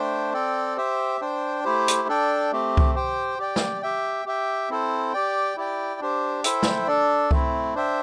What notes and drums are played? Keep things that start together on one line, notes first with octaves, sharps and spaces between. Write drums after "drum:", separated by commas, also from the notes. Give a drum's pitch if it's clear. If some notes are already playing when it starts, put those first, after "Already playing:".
Already playing: A3 D4 C5 G5
C4 A4 D5 G5
G4 C5 E5 G5
D4 C5 G5
A3 E4 G4 C5
drum: hi-hat
D4 A4 D5 G5
A3 C4 G4
drum: kick C2
G4 C5 G5
G4 D5 G5
drum: snare
G4 E5 G5
G4 E5 G5
C4 E4 A4 C5
G4 D5 G5
E4 G4 D5 G5
D4 G4 C5
E4 A4 C5 E5 G5, drum: hi-hat
drum: snare
D4 A4 D5
A3 C4 E4, drum: kick C2
D4 C5 E5 G5